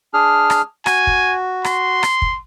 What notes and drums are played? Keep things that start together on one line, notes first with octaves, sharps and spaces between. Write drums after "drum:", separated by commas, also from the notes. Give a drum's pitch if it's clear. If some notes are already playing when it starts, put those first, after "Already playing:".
D4 G#4 F6
drum: rim click
F#4 G#5, drum: rim click
drum: kick
C6, drum: rim click
drum: rim click
drum: kick